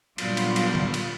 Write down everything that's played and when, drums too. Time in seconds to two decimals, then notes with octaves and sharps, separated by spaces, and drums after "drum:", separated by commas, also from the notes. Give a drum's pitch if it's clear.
0.18 A#2 D3 F#3 G3 B3 F4, drum: cymbal
0.37 drum: cymbal
0.56 drum: cymbal
0.75 drum: tom D3
0.94 drum: cymbal